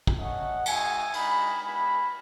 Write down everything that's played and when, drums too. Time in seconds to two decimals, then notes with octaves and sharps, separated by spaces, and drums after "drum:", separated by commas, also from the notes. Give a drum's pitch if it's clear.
0.07 drum: kick
0.18 A3 C#4 F#4 D#5 F#5
0.66 G#3 D#4 F#4 E5 G#5, drum: cymbal
1.13 G#3 D#4 F#4 G#5 B5, drum: cymbal
1.61 G#3 B3 E4 G#5 B5